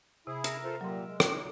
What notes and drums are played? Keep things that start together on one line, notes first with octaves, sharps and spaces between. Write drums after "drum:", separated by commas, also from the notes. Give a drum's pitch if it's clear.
C3 E4 G#4
A#4 E5 A#5, drum: hi-hat
F4 A4 C5
A#2 F#3 G3 C6
G#3
C4 D#4 F#4, drum: rim click